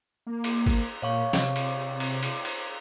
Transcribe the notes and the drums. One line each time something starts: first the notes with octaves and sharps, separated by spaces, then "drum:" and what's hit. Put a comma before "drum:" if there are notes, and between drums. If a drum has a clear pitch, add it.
A#3
drum: cymbal
drum: kick G#1, cymbal
A#2 C#5 F5 C#6
C3, drum: snare
drum: cymbal
drum: cymbal
drum: cymbal
drum: cymbal